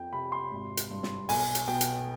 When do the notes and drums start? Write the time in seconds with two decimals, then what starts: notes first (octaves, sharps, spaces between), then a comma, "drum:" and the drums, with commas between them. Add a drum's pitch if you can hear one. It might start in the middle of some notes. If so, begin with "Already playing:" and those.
Already playing: F2 G5
0.13 C3 B5
0.32 C6
0.51 G#1
0.77 drum: hi-hat
0.90 G2
1.03 drum: snare
1.29 B1 G#5, drum: open hi-hat
1.55 drum: hi-hat
1.68 B2 G5
1.81 drum: hi-hat